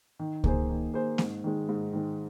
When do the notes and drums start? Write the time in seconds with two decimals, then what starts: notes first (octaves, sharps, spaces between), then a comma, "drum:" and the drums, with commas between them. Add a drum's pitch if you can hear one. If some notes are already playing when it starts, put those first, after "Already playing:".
0.19 D#3
0.44 A#3 G#4 C5, drum: kick C#2
0.69 D#3
0.94 A#3 G#4 C5
1.18 G#2, drum: snare A#3
1.44 D#3 G#3
1.69 G#2
1.93 D#3 G#3